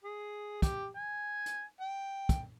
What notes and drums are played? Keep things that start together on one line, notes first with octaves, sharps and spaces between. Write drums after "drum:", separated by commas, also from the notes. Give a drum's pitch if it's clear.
G#4
G4, drum: kick, hi-hat
G#5
drum: hi-hat
G5
drum: kick, hi-hat